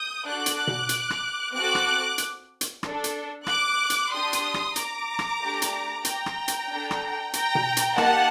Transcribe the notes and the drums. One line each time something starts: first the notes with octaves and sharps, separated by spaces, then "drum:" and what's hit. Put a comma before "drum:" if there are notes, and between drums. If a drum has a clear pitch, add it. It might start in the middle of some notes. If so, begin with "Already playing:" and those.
Already playing: D#6 G6
D4 F#4 A4 D6 F#6
drum: hi-hat
drum: tom B2
drum: hi-hat
drum: rim click
C4 F#4 A4 D6 F#6
drum: rim click
drum: hi-hat
drum: hi-hat
D4 A4, drum: rim click
drum: hi-hat
D6 F#6, drum: rim click
drum: hi-hat
D4 G4 C6 D#6
drum: hi-hat
drum: rim click
A#5 D6, drum: hi-hat
drum: rim click
A3 D4 G4
drum: hi-hat
G5 A#5, drum: hi-hat
drum: rim click
drum: hi-hat
D4 A4
drum: rim click
G5 A#5, drum: hi-hat
drum: tom B2
drum: hi-hat
A#3 D#4 G4 F#5 A5, drum: rim click